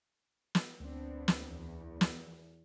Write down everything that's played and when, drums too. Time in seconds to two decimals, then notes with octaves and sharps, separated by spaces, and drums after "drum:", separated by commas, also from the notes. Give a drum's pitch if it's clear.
0.55 drum: snare
0.80 D2 B3 C4 D4
1.28 drum: snare
1.46 E2
2.01 drum: snare